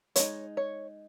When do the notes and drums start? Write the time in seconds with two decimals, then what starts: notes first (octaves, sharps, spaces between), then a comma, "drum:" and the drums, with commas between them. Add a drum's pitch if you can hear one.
0.16 G#3 D#4 C#5, drum: hi-hat
0.57 C#5